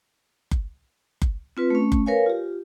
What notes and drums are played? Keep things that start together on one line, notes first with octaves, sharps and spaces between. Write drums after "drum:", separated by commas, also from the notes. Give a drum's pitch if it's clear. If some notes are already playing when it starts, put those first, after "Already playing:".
drum: kick F#1
drum: kick F#1
C4 F4 B4
A3 C#4
drum: kick F#1
A#4 B4 C#5 F5 G#5
F4 G4